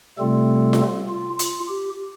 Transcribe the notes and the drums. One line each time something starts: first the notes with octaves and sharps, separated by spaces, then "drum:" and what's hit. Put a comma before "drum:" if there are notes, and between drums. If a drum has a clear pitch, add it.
C3 G3 A3 C4 F4 A4
drum: snare F4
F4
F4, drum: hi-hat
G4